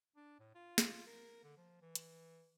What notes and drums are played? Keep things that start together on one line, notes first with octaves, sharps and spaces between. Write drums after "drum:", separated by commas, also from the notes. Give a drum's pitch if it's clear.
D4
A2
F4
drum: snare
A#4
D3
F3
E3
drum: hi-hat